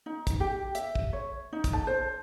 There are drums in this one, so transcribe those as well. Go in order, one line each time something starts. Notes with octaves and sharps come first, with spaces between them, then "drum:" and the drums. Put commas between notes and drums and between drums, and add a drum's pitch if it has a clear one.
D#4
drum: kick, hi-hat
G4
E5, drum: hi-hat
drum: kick
C#5
D#4
drum: kick, hi-hat
A5
C5